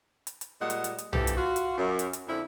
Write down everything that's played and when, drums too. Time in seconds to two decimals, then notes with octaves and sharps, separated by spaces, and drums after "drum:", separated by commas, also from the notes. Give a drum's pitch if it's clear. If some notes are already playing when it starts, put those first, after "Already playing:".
0.27 drum: hi-hat
0.41 drum: hi-hat
0.61 A#2 G3 G#3 D#5 F#5
0.70 drum: hi-hat
0.84 drum: hi-hat
0.98 drum: hi-hat
1.13 D2 E3 F3 G4 A4, drum: tom
1.27 drum: hi-hat
1.37 F4 F#4
1.56 drum: hi-hat
1.78 F#2
1.99 drum: hi-hat
2.13 drum: hi-hat
2.28 F2 D3 F3 E4